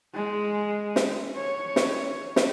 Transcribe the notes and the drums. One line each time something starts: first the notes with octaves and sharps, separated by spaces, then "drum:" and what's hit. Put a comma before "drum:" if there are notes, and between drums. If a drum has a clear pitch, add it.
G#3
drum: snare
C#5
drum: snare
drum: snare